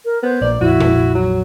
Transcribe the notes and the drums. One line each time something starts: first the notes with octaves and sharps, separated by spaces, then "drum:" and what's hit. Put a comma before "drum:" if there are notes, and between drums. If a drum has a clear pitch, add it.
A#4
B3 C5
A#1 A#3 D5
A#1 F2 E4 F#4
drum: tom A#2
F#3